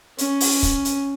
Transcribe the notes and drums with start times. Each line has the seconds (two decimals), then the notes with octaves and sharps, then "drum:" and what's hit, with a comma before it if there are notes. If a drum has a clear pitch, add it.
0.18 C#4, drum: hi-hat
0.40 drum: open hi-hat
0.63 drum: kick, hi-hat
0.85 drum: hi-hat